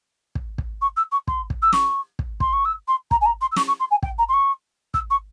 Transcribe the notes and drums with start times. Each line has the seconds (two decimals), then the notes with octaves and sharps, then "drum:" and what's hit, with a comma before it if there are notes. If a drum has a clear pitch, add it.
0.35 drum: kick
0.58 drum: kick
0.81 C#6
0.96 E6
1.12 C#6
1.27 C6, drum: kick
1.50 drum: kick
1.62 E6
1.73 C#6, drum: snare
2.19 drum: kick
2.40 C6, drum: kick
2.53 C#6
2.65 E6
2.88 C6
3.11 A#5, drum: kick
3.21 G#5
3.25 A#5
3.41 C6
3.52 E6
3.57 C#6, drum: snare
3.67 C#6
3.80 C6
3.91 G#5
4.03 G5, drum: kick
4.18 A#5
4.28 C6
4.33 C#6
4.94 E6, drum: kick
5.10 C#6